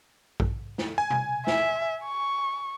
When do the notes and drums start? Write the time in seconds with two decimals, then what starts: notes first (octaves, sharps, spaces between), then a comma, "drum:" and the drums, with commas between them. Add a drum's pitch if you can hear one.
0.40 drum: kick A#1
0.78 drum: snare
0.98 G#5
1.10 drum: tom B2
1.47 E5, drum: snare
2.05 C#6